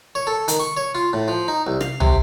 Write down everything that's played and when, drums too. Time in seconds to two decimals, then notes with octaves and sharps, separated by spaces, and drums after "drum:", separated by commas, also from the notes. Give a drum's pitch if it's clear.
0.15 C#5
0.27 A4
0.48 D#3, drum: hi-hat
0.60 C#6
0.77 C#5
0.95 F4
1.13 A2
1.28 F3
1.48 D#4
1.67 C2
1.81 F5, drum: rim click
2.00 C3, drum: tom